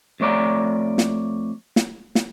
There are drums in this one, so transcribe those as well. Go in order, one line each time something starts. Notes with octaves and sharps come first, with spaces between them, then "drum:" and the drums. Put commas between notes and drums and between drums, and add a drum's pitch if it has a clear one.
F2 A3 C#5 D5 A#5
drum: snare
drum: snare
drum: snare